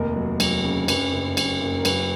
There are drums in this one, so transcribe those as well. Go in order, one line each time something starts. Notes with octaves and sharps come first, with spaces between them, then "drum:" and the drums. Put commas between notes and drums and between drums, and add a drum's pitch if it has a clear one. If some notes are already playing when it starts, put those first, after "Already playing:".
Already playing: F1 D#2 A#4
F#3
F#3, drum: cymbal
C#3
F#2 B4, drum: cymbal
F#1
F#2, drum: cymbal
F#1
A#4
F#3 B4, drum: cymbal